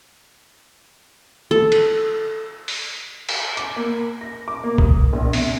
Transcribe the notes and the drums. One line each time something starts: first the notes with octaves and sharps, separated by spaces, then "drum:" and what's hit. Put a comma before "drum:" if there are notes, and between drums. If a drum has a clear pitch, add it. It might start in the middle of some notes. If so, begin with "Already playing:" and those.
A4
drum: cymbal
drum: open hi-hat
drum: cymbal
D6, drum: hi-hat
A#3
A#6
D6
A#3
D#6, drum: kick B1
A#1
C3, drum: open hi-hat